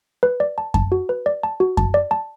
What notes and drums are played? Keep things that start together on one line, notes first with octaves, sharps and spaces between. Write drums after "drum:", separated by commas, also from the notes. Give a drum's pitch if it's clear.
B4
D5
A5
A5, drum: kick F#2
F#4
B4
D5
A5
F#4
A5, drum: kick F#2
D5
A5